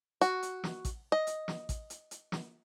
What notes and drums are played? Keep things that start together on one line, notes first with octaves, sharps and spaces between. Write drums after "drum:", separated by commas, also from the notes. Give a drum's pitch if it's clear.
F#4, drum: hi-hat
drum: hi-hat
drum: snare
drum: kick A1, hi-hat
D#5
drum: hi-hat
drum: snare
drum: kick A1, hi-hat
drum: hi-hat
drum: hi-hat
drum: snare